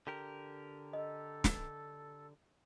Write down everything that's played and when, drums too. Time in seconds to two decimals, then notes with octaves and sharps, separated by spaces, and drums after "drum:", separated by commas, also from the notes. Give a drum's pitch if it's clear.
0.07 D3 G4 A#4
0.93 A4 D#5
1.44 drum: snare